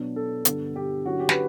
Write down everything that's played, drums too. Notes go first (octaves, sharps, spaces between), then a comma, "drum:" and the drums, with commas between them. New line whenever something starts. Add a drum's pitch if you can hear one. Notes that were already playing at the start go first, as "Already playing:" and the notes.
Already playing: B2 F#3 B3 D4
A4
G2 D3 G3 B3, drum: hi-hat
G4
D3 F#3 C#4 E4 F#4
G4
B4, drum: snare